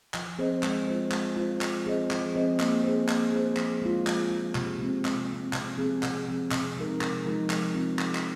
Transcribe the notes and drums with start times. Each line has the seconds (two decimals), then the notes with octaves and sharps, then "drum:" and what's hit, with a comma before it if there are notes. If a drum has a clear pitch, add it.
0.14 F3, drum: clap
0.39 C4 G#4 C5 D#5
0.63 G#3, drum: clap
0.88 F4 C5
1.11 G#3, drum: clap
1.36 F4 C5
1.61 F3, drum: clap
1.86 C4 G#4 C5 D#5
2.11 F3, drum: clap
2.35 C4 G#4 C5 D#5
2.60 A#3, drum: clap
2.84 G#4 C5
3.09 A#3, drum: clap
3.32 G#4 C5
3.57 F3, drum: clap
3.82 G#3 F4
4.07 F3, drum: clap
4.30 G#3 F4
4.55 C3, drum: clap
4.79 G#3 C4
5.05 C3, drum: clap
5.29 G#3 C4
5.53 C3, drum: clap
5.77 F3 C4 G#4
6.03 C3, drum: clap
6.27 F3 C4 G#4
6.51 C3, drum: clap
6.77 F3 G#3 D#4 A#4
7.01 C3, drum: clap
7.25 F3 G#3 D#4 A#4
7.50 F3, drum: clap
7.75 C4 F4
7.99 F3, drum: clap
8.15 drum: clap